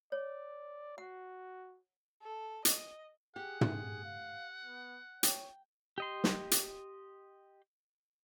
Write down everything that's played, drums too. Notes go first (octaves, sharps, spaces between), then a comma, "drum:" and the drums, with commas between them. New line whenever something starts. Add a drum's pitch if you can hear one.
C#5 D5
F#4 F#5
A4
D#5, drum: hi-hat
G4 G#4 F#5
drum: tom
F5
B3
C#5 G5, drum: hi-hat
G4 D#5 C6
drum: snare
drum: hi-hat